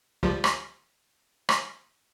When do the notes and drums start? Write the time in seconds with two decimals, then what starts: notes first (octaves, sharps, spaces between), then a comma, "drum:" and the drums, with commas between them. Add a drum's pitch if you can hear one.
0.23 C#2 F3 G3
0.44 drum: rim click
1.49 drum: rim click